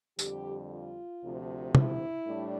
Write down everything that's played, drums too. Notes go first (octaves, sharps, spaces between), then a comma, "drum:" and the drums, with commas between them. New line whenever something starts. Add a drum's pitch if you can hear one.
F2 D3 G3 G4, drum: tambourine
F4
D2 C3 F3
E4, drum: tom
A2 G3 D4